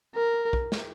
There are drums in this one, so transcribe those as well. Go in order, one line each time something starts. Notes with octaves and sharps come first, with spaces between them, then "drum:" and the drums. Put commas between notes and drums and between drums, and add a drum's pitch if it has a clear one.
A#4
drum: kick B1
drum: snare